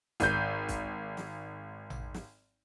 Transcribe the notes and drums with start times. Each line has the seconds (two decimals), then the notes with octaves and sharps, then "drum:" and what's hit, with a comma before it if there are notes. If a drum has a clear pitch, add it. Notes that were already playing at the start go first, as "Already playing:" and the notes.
0.20 G#1 G6, drum: kick, hi-hat
0.68 drum: kick, hi-hat
1.17 drum: snare
1.90 drum: tom A1
2.14 drum: snare